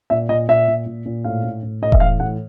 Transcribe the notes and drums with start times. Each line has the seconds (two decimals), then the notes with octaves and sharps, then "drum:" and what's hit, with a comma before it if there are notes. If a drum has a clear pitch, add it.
0.10 A#2 E5
0.29 A#2 D#5
0.49 A#2 E5
0.68 A#2
0.86 A#2
1.06 A#2
1.24 A2 F5
1.44 A2
1.63 A2
1.82 A2 D#5
1.92 E5, drum: kick E1
2.00 E3 F5
2.20 A2 F#5